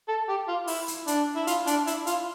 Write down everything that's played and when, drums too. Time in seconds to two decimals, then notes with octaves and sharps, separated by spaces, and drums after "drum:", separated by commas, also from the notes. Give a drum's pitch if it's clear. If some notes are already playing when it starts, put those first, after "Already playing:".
0.08 A4
0.29 G4
0.48 F4
0.67 E4, drum: open hi-hat
0.88 drum: hi-hat
1.08 D4, drum: hi-hat
1.36 E4
1.47 F4, drum: hi-hat
1.67 D4, drum: hi-hat
1.87 E4, drum: hi-hat
2.07 F4, drum: hi-hat